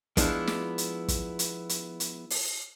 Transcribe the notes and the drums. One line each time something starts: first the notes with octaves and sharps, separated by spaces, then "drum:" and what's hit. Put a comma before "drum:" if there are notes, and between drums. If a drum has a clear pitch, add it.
F3 G#3 B3 D4 E4, drum: kick, hi-hat
drum: snare
drum: hi-hat
drum: kick, hi-hat
drum: hi-hat
drum: hi-hat
drum: hi-hat
drum: open hi-hat